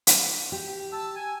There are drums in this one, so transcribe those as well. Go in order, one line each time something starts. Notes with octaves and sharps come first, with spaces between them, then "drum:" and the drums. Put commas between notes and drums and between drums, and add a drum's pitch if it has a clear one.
drum: hi-hat
G4
A5 E6
G#5